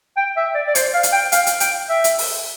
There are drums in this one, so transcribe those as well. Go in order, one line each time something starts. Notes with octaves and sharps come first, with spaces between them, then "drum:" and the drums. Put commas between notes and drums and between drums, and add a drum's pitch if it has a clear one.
G5
E5
D5
D5
C5, drum: hi-hat
F5
drum: hi-hat
G5
F5, drum: hi-hat
drum: hi-hat
G5, drum: hi-hat
E5
drum: hi-hat
drum: open hi-hat